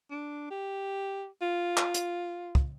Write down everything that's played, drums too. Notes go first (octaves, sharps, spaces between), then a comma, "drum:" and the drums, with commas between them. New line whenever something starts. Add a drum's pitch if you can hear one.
D4
G4
F4
drum: clap
drum: hi-hat
drum: kick